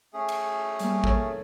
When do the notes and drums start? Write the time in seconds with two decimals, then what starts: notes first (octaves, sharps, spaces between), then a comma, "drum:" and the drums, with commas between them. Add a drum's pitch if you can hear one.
0.14 A3 C#4 G#4
0.29 drum: cymbal
0.80 G3 A#3, drum: hi-hat
1.04 A4 A#4 C#5, drum: kick A1